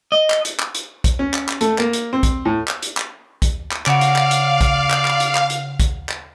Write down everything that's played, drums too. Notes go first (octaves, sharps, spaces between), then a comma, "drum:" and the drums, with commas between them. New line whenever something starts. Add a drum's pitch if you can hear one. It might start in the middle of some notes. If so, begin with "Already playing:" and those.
D#5
drum: clap
drum: hi-hat
drum: clap
drum: hi-hat
drum: kick, hi-hat
C#4
drum: clap
drum: clap
A3, drum: hi-hat
A#3, drum: clap
drum: hi-hat
C4
drum: kick, hi-hat
A2
drum: clap
drum: hi-hat
drum: clap
drum: kick, hi-hat
drum: clap
C#3 F#4 C#5 D5 F5 D7, drum: clap
drum: hi-hat
drum: clap
drum: hi-hat
drum: kick, hi-hat
drum: clap
drum: clap
drum: hi-hat
drum: clap
drum: hi-hat
drum: kick, hi-hat
drum: clap